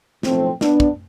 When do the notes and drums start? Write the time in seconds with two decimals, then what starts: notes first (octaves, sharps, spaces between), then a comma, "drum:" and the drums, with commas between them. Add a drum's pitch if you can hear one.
0.23 B1 A2 F3 A3 C4, drum: snare
0.61 B3 D4, drum: snare
0.80 drum: kick